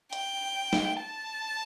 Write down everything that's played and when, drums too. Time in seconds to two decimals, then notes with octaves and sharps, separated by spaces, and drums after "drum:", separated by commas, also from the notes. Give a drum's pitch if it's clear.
0.13 G5, drum: hi-hat
0.73 drum: snare
1.02 A5